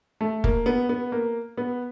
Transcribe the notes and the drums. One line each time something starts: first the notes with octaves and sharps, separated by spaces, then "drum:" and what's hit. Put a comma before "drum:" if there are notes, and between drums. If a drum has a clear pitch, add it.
A3
A#3, drum: kick
B3
B3
A#3
B3